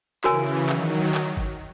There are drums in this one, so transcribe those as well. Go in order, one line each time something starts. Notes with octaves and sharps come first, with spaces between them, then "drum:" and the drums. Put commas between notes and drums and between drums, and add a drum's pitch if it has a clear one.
C#3 E3 F#4 A#4 C#5 G#5, drum: clap
D#3 F#3, drum: clap
drum: clap
drum: kick G1